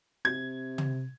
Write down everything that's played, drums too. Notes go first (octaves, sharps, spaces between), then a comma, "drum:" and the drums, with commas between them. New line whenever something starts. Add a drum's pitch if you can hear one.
C3 G#6
drum: tom